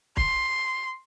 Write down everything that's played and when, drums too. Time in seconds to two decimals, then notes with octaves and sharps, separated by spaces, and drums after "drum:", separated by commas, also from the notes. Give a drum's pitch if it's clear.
0.17 C6, drum: kick